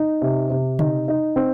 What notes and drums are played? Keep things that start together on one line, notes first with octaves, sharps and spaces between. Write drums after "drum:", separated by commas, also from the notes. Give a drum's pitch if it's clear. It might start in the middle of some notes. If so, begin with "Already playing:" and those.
Already playing: D#4
C3
C3
D#4, drum: tom C#3
D#4
C4